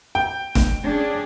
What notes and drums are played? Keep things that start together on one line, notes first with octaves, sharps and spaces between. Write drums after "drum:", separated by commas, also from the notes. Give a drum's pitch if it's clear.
G5
drum: snare E1
C#4 D4 G#4